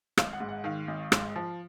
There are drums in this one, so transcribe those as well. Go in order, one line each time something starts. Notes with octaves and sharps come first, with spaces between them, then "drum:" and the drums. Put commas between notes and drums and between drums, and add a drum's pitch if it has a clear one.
G#1 F5, drum: rim click
F#5
G#2
F#5
D#3 F5
G#1
G#2, drum: rim click
F3